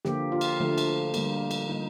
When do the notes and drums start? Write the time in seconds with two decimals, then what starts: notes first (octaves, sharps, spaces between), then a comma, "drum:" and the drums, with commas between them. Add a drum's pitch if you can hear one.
0.05 D3 F3 A#3 G4, drum: snare
0.32 F4
0.41 drum: cymbal
0.60 D3 F3 A3
0.78 drum: cymbal
1.14 D3 G3 A#3, drum: cymbal
1.51 drum: cymbal
1.69 D3 G3 A#3 D#4